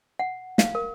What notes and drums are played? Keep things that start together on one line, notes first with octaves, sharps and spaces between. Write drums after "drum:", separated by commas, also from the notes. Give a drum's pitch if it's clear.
F#5
F5, drum: snare
A#4